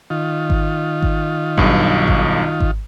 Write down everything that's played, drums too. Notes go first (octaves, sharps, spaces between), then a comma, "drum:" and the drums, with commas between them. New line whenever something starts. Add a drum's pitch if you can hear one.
D#3 F4
drum: kick G#1
drum: kick G#1
B1 G2, drum: kick G#1
drum: kick G#1
drum: kick G#1